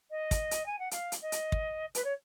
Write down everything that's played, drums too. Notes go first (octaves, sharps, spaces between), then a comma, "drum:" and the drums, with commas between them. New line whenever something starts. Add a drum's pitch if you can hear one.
D#5
drum: kick, hi-hat
drum: hi-hat
G#5
F#5
F5, drum: hi-hat
drum: hi-hat
D#5
drum: hi-hat
drum: kick
B4, drum: hi-hat
C#5